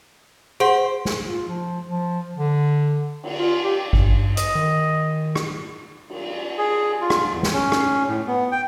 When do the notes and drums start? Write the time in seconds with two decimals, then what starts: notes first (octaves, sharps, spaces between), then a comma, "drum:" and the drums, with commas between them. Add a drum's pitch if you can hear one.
0.60 G#4 C5 F#5
1.05 drum: snare
1.27 F4
1.48 F3
1.89 F3
2.37 D3
3.23 drum: cymbal
3.39 F4
3.64 G4
3.93 G2, drum: kick G#1
4.37 D#5, drum: hi-hat
4.55 D#3
5.35 drum: rim click
6.10 drum: cymbal
6.58 G#4
7.01 F4
7.10 drum: rim click
7.33 E2
7.43 drum: snare
7.53 C#4
7.72 drum: rim click
8.08 A2
8.27 B3
8.52 G5